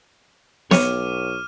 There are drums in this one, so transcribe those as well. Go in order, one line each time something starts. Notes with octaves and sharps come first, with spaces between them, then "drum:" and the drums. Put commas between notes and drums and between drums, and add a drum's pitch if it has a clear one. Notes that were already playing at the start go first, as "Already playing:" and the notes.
B1 C#5 D6 F6 D#7, drum: snare B3